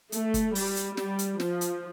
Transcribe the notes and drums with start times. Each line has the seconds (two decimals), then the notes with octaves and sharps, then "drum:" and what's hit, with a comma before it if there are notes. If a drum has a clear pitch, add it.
0.12 A3, drum: hi-hat
0.34 drum: kick, hi-hat
0.55 G3, drum: open hi-hat
0.76 drum: hi-hat
0.97 G3, drum: snare
1.19 drum: hi-hat
1.40 F3, drum: snare
1.61 drum: hi-hat